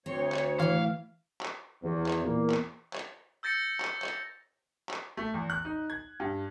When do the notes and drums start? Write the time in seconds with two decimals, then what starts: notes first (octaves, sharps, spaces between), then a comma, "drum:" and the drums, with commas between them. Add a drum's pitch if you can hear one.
0.06 D2 C4 C#5
0.32 drum: clap
0.60 A2 E3 F5
1.41 drum: clap
1.83 E2
2.06 drum: clap
2.24 E2 A#2 A#3
2.50 drum: clap
2.93 drum: clap
3.43 E6 G6 A6 A#6 C#7
3.80 drum: clap
4.02 drum: clap
4.89 drum: clap
5.17 A3
5.34 E2
5.50 F#6
5.65 D#4
5.90 G#6
6.20 G2